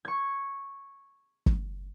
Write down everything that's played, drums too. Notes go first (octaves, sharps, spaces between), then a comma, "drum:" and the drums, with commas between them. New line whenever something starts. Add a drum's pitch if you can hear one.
C#6 G#6
drum: kick